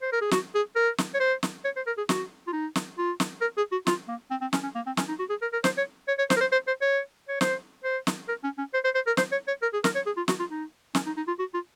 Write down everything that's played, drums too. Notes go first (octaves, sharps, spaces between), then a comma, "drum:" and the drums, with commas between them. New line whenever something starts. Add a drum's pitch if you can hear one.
C5
A#4
G#4
F#4, drum: snare
G#4
A#4
drum: snare
C#5
C5
drum: snare
C#5
C5
A#4
G#4
F#4, drum: snare
F4
D#4
drum: snare
F4
drum: snare
A#4
G#4
F#4
F4, drum: snare
A#3
C4
C4
C#4, drum: snare
C#4
A#3
C4
C#4, drum: snare
D#4
F#4
G#4
A#4
A#4
C5, drum: snare
C#5
C#5
C#5
C5, drum: snare
A#4
C5
C5
C5
C#5
C#5
C5, drum: snare
C5
drum: snare
A#4
C#4
C#4
C5
C5
C5
A#4
C5, drum: snare
C#5
C#5
A#4
G#4
A#4, drum: snare
C#5
G#4
F4
F#4, drum: snare
F4
D#4
C#4, drum: snare
D#4
D#4
F4
F#4
F4